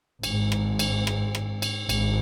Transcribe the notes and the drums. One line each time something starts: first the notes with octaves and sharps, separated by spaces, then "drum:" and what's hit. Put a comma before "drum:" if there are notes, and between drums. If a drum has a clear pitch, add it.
G#1 G#2, drum: cymbal
drum: rim click
drum: cymbal
drum: rim click
drum: rim click
drum: cymbal
G#1, drum: cymbal